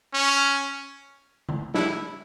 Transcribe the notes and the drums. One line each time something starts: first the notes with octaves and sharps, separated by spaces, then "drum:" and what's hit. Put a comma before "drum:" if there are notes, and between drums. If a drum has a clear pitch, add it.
C#4
drum: tom D3
E4, drum: snare